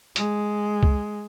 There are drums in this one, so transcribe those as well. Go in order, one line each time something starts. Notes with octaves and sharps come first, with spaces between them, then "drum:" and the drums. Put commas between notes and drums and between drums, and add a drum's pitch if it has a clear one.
G#3, drum: hi-hat
drum: kick C2